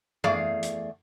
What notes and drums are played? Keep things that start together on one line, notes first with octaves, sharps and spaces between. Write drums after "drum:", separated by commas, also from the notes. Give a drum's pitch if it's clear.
E2 A3 G#4 D5 F5, drum: tom F#2
drum: hi-hat